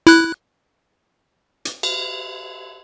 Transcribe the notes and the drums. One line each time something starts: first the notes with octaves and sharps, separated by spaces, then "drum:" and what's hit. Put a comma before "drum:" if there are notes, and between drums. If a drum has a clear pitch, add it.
E4 F#6, drum: hi-hat
drum: hi-hat
drum: cymbal